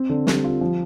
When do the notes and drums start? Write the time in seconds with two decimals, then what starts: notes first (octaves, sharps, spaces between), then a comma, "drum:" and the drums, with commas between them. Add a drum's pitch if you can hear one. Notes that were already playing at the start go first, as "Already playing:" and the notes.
Already playing: C4
0.09 D3
0.27 G3, drum: snare
0.44 F4
0.61 F3